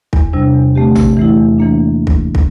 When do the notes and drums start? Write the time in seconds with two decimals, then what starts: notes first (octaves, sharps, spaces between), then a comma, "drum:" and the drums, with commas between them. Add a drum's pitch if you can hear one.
0.13 E2, drum: kick
0.33 C3 G3 D4
0.54 E2
0.75 D3 A3 C4 G4
0.95 E2, drum: tom A1
1.17 E3 A3 E4
1.38 E2
1.58 E3 A#3 D4
2.07 drum: kick
2.35 drum: kick